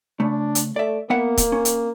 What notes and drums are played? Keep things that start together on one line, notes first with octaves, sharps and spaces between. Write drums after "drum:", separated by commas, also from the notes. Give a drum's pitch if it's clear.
C#3 A3 D4
drum: hi-hat
A3 D5 E5
A#3 B3 E5 F#5
drum: kick C#1, hi-hat
C#4
drum: hi-hat